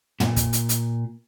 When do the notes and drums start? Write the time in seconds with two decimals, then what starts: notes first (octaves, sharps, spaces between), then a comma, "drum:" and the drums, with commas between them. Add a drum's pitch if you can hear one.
0.20 A#2, drum: tom
0.36 drum: kick, hi-hat
0.53 drum: hi-hat
0.69 drum: hi-hat